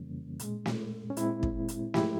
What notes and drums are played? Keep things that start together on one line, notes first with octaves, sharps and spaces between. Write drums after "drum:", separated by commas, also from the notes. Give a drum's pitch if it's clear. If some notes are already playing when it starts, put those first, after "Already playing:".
Already playing: F2 C#3 E3 G3 A#3 C#4
A#2 G#3, drum: hi-hat
drum: snare
C#4
A#2 G#3 C4 E4, drum: hi-hat
drum: kick
drum: hi-hat
G#2 F3 G#3 E4 G4, drum: snare